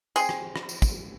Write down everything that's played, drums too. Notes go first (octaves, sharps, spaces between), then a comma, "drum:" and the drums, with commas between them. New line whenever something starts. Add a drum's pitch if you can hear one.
C4 G#4 C6, drum: tambourine
drum: rim click
drum: rim click
drum: tambourine
drum: kick, tambourine